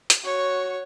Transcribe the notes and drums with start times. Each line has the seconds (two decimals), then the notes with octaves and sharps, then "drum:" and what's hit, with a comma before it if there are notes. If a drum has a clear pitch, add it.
0.10 drum: hi-hat
0.24 F#4 C#5 C#6